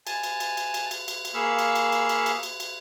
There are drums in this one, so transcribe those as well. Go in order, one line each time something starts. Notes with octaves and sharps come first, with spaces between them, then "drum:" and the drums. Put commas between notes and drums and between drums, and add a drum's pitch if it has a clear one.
G#5 A5, drum: cymbal
drum: cymbal
drum: cymbal
drum: cymbal
drum: cymbal
drum: cymbal
drum: cymbal
drum: cymbal
A#3 G#4 F5 B5 C#6 E6
drum: cymbal
drum: cymbal
drum: cymbal
drum: cymbal
drum: cymbal
drum: cymbal
drum: cymbal